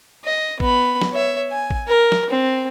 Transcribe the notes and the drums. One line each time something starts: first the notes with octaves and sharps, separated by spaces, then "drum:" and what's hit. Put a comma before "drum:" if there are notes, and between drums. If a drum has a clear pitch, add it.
D#5
B3 B5, drum: kick
drum: snare
C#5 E5
G#5
drum: kick
A#4
drum: snare
C4